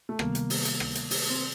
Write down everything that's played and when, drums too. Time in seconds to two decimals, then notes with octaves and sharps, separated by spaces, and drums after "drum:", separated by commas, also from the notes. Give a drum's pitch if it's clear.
0.09 A3
0.19 C3 D#3 G3 A#3 B3, drum: rim click
0.35 drum: hi-hat
0.50 drum: open hi-hat
0.65 drum: hi-hat
0.80 drum: rim click
0.95 drum: hi-hat
1.11 drum: open hi-hat
1.30 C4